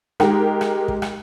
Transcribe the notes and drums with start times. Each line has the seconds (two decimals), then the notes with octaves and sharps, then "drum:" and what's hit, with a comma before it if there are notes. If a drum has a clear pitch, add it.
0.20 G#3 D#4 G4 A#4, drum: rim click
0.61 drum: rim click
0.88 drum: kick
1.02 drum: rim click